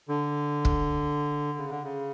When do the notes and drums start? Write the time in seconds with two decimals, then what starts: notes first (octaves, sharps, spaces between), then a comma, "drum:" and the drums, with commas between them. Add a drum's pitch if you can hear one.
0.08 D3
0.65 drum: kick
1.58 C#3
1.71 D3
1.83 C#3